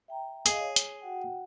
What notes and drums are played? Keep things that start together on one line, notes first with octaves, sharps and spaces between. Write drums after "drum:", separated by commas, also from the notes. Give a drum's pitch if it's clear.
E5 G5 A#5
G#4 D#5 F5, drum: hi-hat
C#5
drum: hi-hat
F#4 F#5 G5